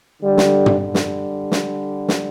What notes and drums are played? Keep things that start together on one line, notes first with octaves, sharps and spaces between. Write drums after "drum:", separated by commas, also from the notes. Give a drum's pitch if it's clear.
D3 G3
drum: snare
drum: tom
D3 G3
drum: snare
drum: snare
drum: snare